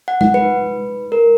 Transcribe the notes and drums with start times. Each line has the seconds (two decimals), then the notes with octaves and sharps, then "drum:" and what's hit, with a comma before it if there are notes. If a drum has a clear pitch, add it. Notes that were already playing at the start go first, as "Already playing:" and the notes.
0.08 F#5
0.21 F#5, drum: tom G#3
0.34 B4
1.12 A#4